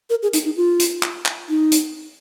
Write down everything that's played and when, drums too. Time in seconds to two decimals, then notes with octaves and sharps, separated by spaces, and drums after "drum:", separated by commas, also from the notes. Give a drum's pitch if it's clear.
0.10 A#4
0.23 G#4
0.33 D#4, drum: hi-hat
0.45 D#4
0.57 F4
0.80 drum: hi-hat
1.03 drum: clap
1.26 drum: clap
1.49 D#4
1.72 drum: hi-hat